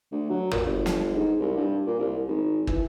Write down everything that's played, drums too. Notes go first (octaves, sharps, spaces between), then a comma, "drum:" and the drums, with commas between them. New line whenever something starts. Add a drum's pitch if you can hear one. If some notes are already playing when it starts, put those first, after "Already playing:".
D2
F#3
A#2, drum: tom
G1
drum: snare
G#2
C2
G2
A#2
C2
G#1
E3, drum: kick